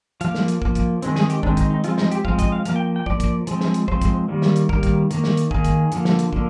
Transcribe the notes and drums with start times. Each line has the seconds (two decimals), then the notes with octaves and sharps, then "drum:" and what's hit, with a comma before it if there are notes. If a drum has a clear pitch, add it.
0.21 F3 A#3 F5, drum: hi-hat
0.35 drum: snare
0.48 drum: hi-hat
0.62 F3 A#3, drum: kick
0.75 drum: kick, hi-hat
1.02 D#3 G#3 C4, drum: hi-hat
1.16 G#4, drum: snare
1.30 G4, drum: hi-hat
1.43 D#3 G#3 C4 D4, drum: kick
1.57 D#4, drum: kick, hi-hat
1.70 D#4
1.84 F3 G#3 C4 F4, drum: hi-hat
1.98 D#4, drum: snare
2.11 G4, drum: hi-hat
2.25 F3 G#3 C4 F5, drum: kick
2.39 D#5, drum: kick, hi-hat
2.52 F5
2.65 F3 A#3 F5, drum: hi-hat
2.76 G5
2.96 G5
3.06 F3 A#3 D5, drum: kick
3.20 drum: kick, hi-hat
3.47 F3 G#3 C4, drum: hi-hat
3.61 drum: snare
3.74 drum: hi-hat
3.88 F3 G#3 C4 C5, drum: kick
4.01 drum: kick, hi-hat
4.28 D#3 G3 A#3
4.42 drum: snare
4.56 drum: hi-hat
4.69 D#3 G3 A#3 A#4, drum: kick
4.83 drum: kick, hi-hat
5.11 D#3 A#3, drum: hi-hat
5.24 drum: snare
5.37 drum: hi-hat
5.51 D#3 A#3 G#4, drum: kick
5.65 drum: kick, hi-hat
5.92 D3 F3 A#3, drum: hi-hat
6.05 drum: snare
6.19 drum: hi-hat
6.33 D3 F3 A#3, drum: kick